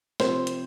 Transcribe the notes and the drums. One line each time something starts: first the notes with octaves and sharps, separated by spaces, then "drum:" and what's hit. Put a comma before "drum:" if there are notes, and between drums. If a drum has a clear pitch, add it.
C3 F3 C4 C5, drum: snare
drum: hi-hat